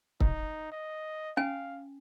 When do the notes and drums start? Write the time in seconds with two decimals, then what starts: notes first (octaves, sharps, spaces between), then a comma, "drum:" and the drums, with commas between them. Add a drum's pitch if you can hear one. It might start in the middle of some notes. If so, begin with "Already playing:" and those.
0.20 D#4, drum: kick
0.72 D#5
1.37 C#4 F5 G#5